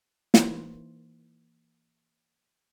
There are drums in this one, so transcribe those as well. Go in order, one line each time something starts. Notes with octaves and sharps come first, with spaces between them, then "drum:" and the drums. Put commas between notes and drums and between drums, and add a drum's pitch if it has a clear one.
E3 A#3 D#4 E4 C5, drum: snare